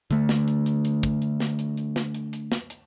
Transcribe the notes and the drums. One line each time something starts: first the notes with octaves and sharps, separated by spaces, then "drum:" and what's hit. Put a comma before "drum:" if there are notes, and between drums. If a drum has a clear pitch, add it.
D3 A3, drum: hi-hat
drum: snare
drum: hi-hat
drum: hi-hat
drum: hi-hat
drum: kick, hi-hat
drum: hi-hat
drum: snare
drum: hi-hat
drum: hi-hat
drum: snare
drum: hi-hat
drum: hi-hat
drum: snare
drum: hi-hat